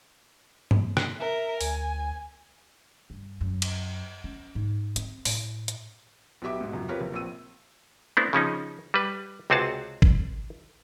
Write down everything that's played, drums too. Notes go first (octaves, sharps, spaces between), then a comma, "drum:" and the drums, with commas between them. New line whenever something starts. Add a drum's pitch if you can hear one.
drum: tom G2
drum: rim click
A#4 E5
D2 G#5, drum: open hi-hat
G2
F#2
drum: cymbal
C#4
G#2
C4, drum: hi-hat
A2, drum: open hi-hat
drum: hi-hat
B1 B3 G4 E5 D6
G#2 B2
C#2 F#2
C4 F4 G4 A#4 B4 C#5
F#1
A#1 C4 E6 D#7
A3 B3 C4 D4 E4
C#3 F3 C#4 D#4
G3 B4
C#2 C3 C4 F#4 G#4 A5
drum: kick